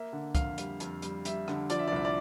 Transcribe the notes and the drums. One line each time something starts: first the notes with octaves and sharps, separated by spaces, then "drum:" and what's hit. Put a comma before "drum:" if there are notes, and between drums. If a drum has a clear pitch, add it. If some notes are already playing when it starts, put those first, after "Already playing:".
Already playing: A#3 E5
D3
F2 F5, drum: kick C2, hi-hat
G3, drum: hi-hat
F2, drum: hi-hat
G3, drum: hi-hat
G3 E5, drum: hi-hat
D3, drum: rim click
F3 D5, drum: hi-hat
E5
D5
C2 E5
D5